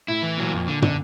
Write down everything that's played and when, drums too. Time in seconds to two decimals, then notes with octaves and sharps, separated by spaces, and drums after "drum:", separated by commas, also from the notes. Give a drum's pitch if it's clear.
0.08 A2 E4
0.23 E3
0.38 A#2 F#3
0.54 F2
0.68 D3
0.82 D3, drum: tom